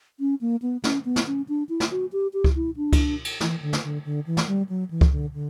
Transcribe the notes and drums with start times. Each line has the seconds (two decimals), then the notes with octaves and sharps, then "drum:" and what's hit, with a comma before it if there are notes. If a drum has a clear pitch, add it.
0.20 C#4
0.41 A#3
0.62 B3
0.84 C#4, drum: snare
1.05 B3
1.16 drum: snare
1.27 C#4
1.49 D4
1.69 E4
1.80 drum: snare
1.91 F#4
2.12 G4
2.34 G4
2.44 drum: kick C#2
2.55 E4
2.77 D4
2.93 drum: kick C#2, cymbal
3.25 drum: cymbal
3.40 E3, drum: snare
3.62 D3
3.73 drum: snare
3.83 D3
4.05 D3
4.26 E3
4.37 drum: snare
4.47 G3
4.69 F#3
4.91 E3
5.01 drum: kick C#2
5.11 D3
5.33 D3